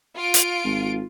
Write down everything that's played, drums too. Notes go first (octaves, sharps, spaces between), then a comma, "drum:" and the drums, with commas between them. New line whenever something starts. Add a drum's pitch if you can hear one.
F4 D7
drum: hi-hat
G#1